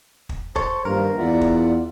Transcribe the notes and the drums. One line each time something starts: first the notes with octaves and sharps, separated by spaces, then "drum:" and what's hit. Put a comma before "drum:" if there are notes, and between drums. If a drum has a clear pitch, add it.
drum: kick
A4 C5 C#5, drum: kick
G2 D#3 F3 A#3 A#4
E2 F4 D5 E5 F#5
drum: kick